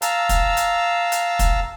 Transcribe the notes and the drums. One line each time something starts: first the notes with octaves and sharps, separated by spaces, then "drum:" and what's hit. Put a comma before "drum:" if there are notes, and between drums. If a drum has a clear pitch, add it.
F5 A5 A#5 E6, drum: hi-hat
drum: kick, hi-hat
drum: hi-hat
drum: hi-hat
drum: kick, hi-hat